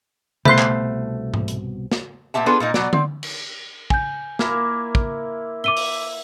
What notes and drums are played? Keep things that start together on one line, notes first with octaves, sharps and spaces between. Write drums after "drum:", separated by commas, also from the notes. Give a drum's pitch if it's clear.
C2 B2 A3 A4 C5 B5 C6 F#6, drum: tom B2
drum: clap
drum: tom G#2
drum: hi-hat
drum: snare
A#2 B3 G4 E5 A5
B3 D4 F4 G#4 A4 B4
A#2 A#3 D#4
B2 F#3 D5, drum: snare
C4, drum: tom D3
drum: cymbal
G#5 G6, drum: kick
A#3 E4 F4, drum: snare
drum: kick
E5 D6 D#7 G7
drum: open hi-hat